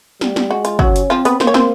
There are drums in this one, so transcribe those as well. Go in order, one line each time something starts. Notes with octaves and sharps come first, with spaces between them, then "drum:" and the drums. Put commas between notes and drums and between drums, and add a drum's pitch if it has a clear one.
G3, drum: snare
drum: snare
G#3 F#4
F4, drum: hi-hat
F#3 C#4 F#4, drum: kick
drum: hi-hat
F3 C4 F4
B3 B4, drum: hi-hat
A#3 C5, drum: snare
C#5
C4 C5, drum: snare